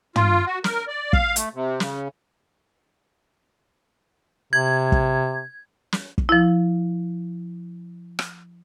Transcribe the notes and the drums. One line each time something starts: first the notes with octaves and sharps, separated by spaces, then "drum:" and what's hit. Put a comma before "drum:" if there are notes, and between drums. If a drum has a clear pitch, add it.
F4, drum: tom
F#4
A#4, drum: snare
D5
F5, drum: kick
A3, drum: hi-hat
C3
C#3, drum: snare
C3 G#6
drum: kick
drum: snare
drum: kick
F3 E4
drum: rim click